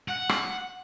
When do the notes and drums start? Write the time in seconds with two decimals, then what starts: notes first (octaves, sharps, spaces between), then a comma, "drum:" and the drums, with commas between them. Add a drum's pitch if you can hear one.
0.08 F#5
0.29 drum: rim click